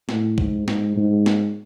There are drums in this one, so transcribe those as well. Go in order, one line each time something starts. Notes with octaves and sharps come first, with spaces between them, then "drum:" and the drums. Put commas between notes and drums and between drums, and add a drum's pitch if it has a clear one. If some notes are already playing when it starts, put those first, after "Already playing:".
A2, drum: snare
G#2, drum: kick
G#2, drum: snare
G#2
drum: snare